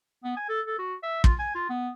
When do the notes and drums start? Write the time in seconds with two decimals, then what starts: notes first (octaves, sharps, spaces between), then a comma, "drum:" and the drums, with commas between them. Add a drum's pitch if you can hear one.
0.24 B3
0.37 G#5
0.49 A4
0.66 A4
0.79 F#4
1.03 E5
1.24 F4, drum: kick
1.39 G#5
1.55 F4
1.70 B3